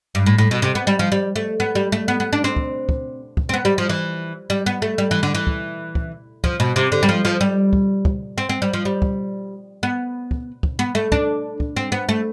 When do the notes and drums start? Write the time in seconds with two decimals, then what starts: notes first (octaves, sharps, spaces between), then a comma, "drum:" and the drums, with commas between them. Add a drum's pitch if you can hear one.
0.15 G2
0.26 A2
0.38 A2
0.51 B2
0.62 C3
0.75 B3
0.87 G3
0.99 F3
1.12 G3
1.36 A3
1.60 B3
1.75 G3
1.92 A3
2.08 B3
2.20 B3
2.33 D4
2.44 C4
2.56 drum: kick
2.89 drum: kick
3.37 drum: kick
3.49 C4
3.54 B3
3.65 G3
3.78 F3
3.89 E3
4.50 G3
4.66 B3
4.82 A3
4.98 G3
5.11 E3
5.23 D3
5.35 E3
5.47 drum: kick
5.95 drum: kick
6.44 F3, drum: kick
6.60 B2
6.76 C3
6.92 D3
7.03 G3
7.09 F3
7.25 F3
7.41 G3
7.73 drum: kick
8.05 drum: kick
8.38 C4
8.49 C4
8.62 G3
8.74 F3
8.85 G3
9.02 drum: kick
9.83 B3
10.31 drum: kick
10.63 drum: kick
10.79 B3
10.95 A3
11.12 D4, drum: kick
11.60 drum: kick
11.77 C4
11.92 B3
12.09 A3